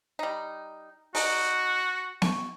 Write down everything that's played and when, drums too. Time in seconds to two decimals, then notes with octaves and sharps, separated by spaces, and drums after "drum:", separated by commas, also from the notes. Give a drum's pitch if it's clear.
0.19 G3 D#4
1.15 D#4 F#4, drum: open hi-hat
2.22 C#6, drum: snare B3